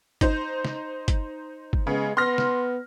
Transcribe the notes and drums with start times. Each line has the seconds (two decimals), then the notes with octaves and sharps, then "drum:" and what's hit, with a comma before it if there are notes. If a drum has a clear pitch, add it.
0.21 D#4 C5, drum: kick, hi-hat
0.65 drum: snare
1.08 drum: kick, hi-hat
1.73 drum: kick
1.87 C#3 G#3 B3
2.17 B3 C6 F6 A#6
2.38 drum: snare